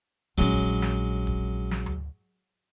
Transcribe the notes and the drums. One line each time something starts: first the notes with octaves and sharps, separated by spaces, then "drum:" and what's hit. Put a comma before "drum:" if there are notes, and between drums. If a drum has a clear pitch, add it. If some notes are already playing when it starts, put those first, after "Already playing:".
A#1 F#3 G#3 C#4
drum: kick
drum: snare
drum: kick
drum: snare
drum: tom D2